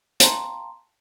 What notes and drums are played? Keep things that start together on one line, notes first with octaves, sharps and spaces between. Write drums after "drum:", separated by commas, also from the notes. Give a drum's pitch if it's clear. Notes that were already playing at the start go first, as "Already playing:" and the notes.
F5 G5 A5 A#5 C6, drum: hi-hat